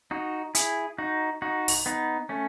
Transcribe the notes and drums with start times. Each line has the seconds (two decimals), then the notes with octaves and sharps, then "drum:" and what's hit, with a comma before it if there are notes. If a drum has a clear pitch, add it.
0.11 D#4 F#4
0.55 E4 G#4, drum: hi-hat
0.98 D#4 F#4
1.42 D#4 F#4
1.68 drum: open hi-hat
1.86 B3 D#4
2.29 A3 C#4